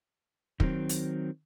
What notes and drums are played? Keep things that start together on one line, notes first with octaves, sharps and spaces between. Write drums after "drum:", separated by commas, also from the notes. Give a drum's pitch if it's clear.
D#3 F#3 C4, drum: kick
drum: hi-hat